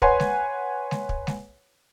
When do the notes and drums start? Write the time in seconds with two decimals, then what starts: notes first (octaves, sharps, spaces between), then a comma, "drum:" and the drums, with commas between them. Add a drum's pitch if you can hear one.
0.02 B4 C#5 F#5 G#5 C6, drum: kick
0.20 drum: snare G#3
0.91 drum: snare G#3
1.09 drum: kick
1.27 drum: snare G#3